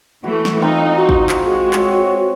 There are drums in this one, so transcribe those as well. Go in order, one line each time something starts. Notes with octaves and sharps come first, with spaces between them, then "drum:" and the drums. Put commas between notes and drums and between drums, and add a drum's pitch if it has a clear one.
E3 A3 F#4
drum: snare
C4 D#4 F4
F#4
drum: kick
drum: clap
G#3
C4 C#5, drum: clap